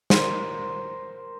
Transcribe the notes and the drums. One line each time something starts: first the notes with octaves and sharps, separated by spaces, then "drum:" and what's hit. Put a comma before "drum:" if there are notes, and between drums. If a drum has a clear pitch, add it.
A#4 C5, drum: snare